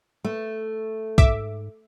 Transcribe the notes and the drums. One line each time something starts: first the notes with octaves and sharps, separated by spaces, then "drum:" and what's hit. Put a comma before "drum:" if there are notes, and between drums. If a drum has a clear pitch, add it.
A3
G#2 E5 D6, drum: kick B1